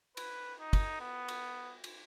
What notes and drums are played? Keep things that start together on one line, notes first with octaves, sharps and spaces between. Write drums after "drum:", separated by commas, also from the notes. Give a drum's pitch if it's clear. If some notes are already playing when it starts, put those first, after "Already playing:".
B4, drum: cymbal
D#4
drum: kick, cymbal
B3
drum: cymbal
drum: cymbal